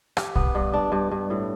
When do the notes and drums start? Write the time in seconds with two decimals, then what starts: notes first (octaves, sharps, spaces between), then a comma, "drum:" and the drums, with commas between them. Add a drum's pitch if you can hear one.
0.17 G4, drum: rim click
0.36 B3, drum: kick
0.55 G2
0.74 D4
0.92 G2
1.11 G2
1.30 A2